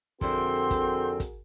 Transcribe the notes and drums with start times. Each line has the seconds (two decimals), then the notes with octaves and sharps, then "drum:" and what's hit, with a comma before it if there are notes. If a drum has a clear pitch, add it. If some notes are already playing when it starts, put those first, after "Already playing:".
0.21 F2 D3 C4 E4 F#4 G#4 A#4 C6, drum: kick
0.71 drum: kick, hi-hat
1.20 drum: kick, hi-hat